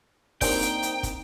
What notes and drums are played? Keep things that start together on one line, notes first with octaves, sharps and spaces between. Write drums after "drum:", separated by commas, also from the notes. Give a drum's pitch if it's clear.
A#3 C4 D4 D#4 G5 D7, drum: kick, open hi-hat
drum: hi-hat
drum: hi-hat
drum: kick, hi-hat